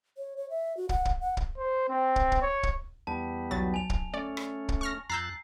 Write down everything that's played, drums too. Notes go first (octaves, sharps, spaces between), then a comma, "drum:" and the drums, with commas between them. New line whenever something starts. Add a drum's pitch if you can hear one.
C#5
C#5
E5
F#4
F#5, drum: kick
drum: kick
F#5
drum: kick
C5
C4
drum: kick
drum: kick
C#5
drum: kick
E2 G3 B3 A5
B1 F#3 A6
G#5 F7
drum: kick
A3 C#4 D5
drum: rim click
drum: kick
C#6 F6 A#6
F2 A#5 E6 F#6 G6 A6 C7